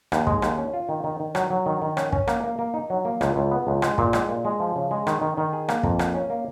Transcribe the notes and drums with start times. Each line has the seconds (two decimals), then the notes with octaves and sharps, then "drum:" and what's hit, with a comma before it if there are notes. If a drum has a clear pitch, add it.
0.12 D#2, drum: rim click
0.27 G#3, drum: kick
0.42 D#2, drum: rim click
0.58 C#4
0.73 F4
0.89 D#3
1.04 D#3
1.20 D#3
1.35 F#3, drum: rim click
1.50 F#3
1.66 D#3
1.82 D#3
1.97 C#4, drum: rim click
2.12 C#4, drum: kick
2.27 A#3, drum: rim click
2.44 A#3
2.59 A#3
2.74 D#4
2.90 F#3
3.05 A#3
3.21 C#2, drum: rim click
3.36 C#2
3.51 B3
3.67 C#2
3.82 G#3, drum: rim click
3.98 A#2, drum: kick
4.13 G#3, drum: rim click
4.29 A#2
4.45 G#3
4.60 F3
4.76 C#3
4.91 G#3
5.07 D#3, drum: rim click
5.22 D#3
5.37 D#3
5.53 G#4
5.68 A#3, drum: rim click
5.83 F2, drum: kick
5.99 A#3, drum: rim click
6.14 C#4
6.30 A#3